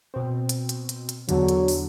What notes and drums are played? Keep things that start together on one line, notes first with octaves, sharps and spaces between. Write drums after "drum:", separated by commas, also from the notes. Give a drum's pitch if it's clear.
B2 C4
drum: hi-hat
drum: hi-hat
drum: hi-hat
drum: hi-hat
E2 D3 F#3, drum: hi-hat
drum: hi-hat
drum: open hi-hat